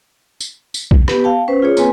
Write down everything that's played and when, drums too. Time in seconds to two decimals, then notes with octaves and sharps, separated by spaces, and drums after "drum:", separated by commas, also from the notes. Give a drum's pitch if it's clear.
0.40 drum: tambourine
0.74 drum: tambourine
0.91 drum: kick
1.08 B3 G4 B4, drum: rim click
1.24 F5 G5 A5
1.48 C#4 B4 C5
1.62 F4 G#4 C#5
1.77 A#3 C4 B4 G#5, drum: tambourine